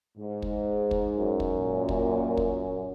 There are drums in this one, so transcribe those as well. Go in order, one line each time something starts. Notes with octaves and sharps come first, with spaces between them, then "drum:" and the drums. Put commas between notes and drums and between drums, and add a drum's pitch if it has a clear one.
G#2
drum: kick
drum: kick
F#2
drum: kick
A#2
drum: kick
drum: kick